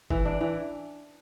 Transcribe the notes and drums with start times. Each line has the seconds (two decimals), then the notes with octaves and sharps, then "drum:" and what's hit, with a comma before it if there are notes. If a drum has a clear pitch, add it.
0.10 E3, drum: kick
0.25 D4
0.41 E3